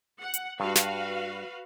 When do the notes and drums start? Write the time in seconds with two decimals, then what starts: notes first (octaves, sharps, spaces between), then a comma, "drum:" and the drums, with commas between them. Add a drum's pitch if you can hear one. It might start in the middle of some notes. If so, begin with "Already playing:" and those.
0.21 F#5
0.34 drum: hi-hat
0.60 G2 F#4 B4 F5
0.75 drum: snare